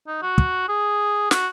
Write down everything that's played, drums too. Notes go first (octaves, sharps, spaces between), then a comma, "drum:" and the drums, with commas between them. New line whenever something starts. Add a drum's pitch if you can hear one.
D#4
F#4
drum: kick
G#4
F#4, drum: snare